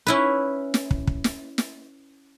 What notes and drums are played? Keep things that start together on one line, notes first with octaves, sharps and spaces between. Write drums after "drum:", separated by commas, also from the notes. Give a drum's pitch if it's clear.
C#4 E4 B4
drum: snare
drum: kick
drum: kick
drum: snare
drum: snare